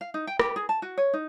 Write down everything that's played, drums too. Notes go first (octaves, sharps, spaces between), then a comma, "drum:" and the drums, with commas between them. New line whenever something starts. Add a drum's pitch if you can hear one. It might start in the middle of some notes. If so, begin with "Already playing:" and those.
F5
D#4
G5
G4, drum: rim click
G#4
A5
F#4
C#5
D#4